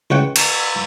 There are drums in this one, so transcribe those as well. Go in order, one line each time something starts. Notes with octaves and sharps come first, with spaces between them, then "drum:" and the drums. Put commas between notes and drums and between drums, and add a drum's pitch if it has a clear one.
C#2 C#5 F#5 G5
drum: cymbal